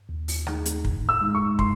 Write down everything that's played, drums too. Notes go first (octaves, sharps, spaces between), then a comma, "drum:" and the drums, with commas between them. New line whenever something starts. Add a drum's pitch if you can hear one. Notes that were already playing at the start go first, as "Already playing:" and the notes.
D#2
drum: open hi-hat
D#3 A3 D#4 G#4, drum: rim click
drum: hi-hat
A2, drum: kick
E6
G#3 D#4
C#6
C6, drum: kick